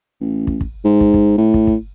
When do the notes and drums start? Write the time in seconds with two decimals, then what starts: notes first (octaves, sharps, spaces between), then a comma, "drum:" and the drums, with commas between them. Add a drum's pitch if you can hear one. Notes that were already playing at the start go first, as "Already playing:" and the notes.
0.21 A1
0.47 drum: kick
0.61 drum: kick
0.85 G#2
1.01 drum: kick
1.14 drum: kick
1.38 A2
1.54 drum: kick
1.67 drum: kick